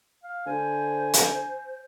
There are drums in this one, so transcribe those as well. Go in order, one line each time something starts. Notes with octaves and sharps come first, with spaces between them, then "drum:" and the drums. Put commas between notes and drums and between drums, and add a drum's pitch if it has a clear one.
F5
D3 C5 G#5
drum: hi-hat